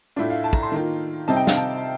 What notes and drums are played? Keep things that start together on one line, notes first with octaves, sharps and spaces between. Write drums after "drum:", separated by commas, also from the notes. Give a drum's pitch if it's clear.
A2 A3 D4 F4
F5
A5
A#5, drum: kick
C6
D#3 A#3 F4
C3 G3 C4 D#4 A5
G5
F5, drum: snare
A5